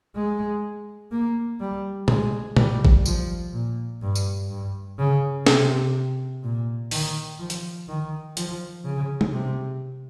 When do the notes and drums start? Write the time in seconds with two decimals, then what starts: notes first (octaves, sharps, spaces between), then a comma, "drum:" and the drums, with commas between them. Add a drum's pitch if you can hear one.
0.15 G#3
1.12 A#3
1.61 G3
2.08 G#3, drum: tom A#2
2.57 G3, drum: tom A#2
2.85 drum: kick G#1
3.06 F3, drum: tambourine
3.53 A#2
4.02 G2
4.15 drum: tambourine
4.49 G2
4.99 C#3
5.47 C3, drum: snare
6.44 A#2
6.91 D#3, drum: open hi-hat
7.39 F3
7.50 drum: hi-hat
7.89 D#3
8.37 F3, drum: hi-hat
8.85 C#3
9.21 drum: tom
9.32 C3